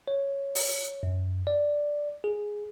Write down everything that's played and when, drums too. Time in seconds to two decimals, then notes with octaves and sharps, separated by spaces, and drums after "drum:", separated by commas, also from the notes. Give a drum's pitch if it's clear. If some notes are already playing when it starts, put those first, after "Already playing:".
0.08 C#5
0.55 drum: open hi-hat
1.03 F#2
1.47 D5
2.24 G#4